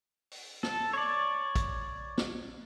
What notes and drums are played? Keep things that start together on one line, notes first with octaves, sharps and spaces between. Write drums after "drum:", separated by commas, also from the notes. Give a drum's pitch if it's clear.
drum: open hi-hat
A4, drum: snare
C#5 D5
drum: kick, hi-hat
drum: snare